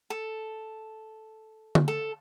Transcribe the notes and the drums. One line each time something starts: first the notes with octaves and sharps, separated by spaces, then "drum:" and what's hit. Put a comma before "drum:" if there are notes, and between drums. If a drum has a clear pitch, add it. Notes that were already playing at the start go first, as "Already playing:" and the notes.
A4
drum: tom D3
A4